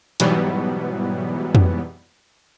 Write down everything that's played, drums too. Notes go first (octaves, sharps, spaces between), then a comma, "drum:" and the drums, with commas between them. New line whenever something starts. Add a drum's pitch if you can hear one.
G#2 B2 E3 F#3 G3 B3, drum: hi-hat
drum: tom F2